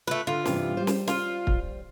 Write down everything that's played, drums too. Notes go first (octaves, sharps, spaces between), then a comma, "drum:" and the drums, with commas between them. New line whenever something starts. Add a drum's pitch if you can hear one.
A3 F4 B4
D3 F4
G2 C3 E3, drum: snare
G3 C5
drum: snare
F4, drum: snare
drum: kick